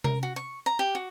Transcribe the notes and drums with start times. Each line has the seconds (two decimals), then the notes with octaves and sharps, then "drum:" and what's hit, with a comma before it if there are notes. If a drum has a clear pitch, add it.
0.04 A#4, drum: tom C3
0.23 F#4
0.36 C#6
0.66 A#5
0.79 G4
0.95 F#4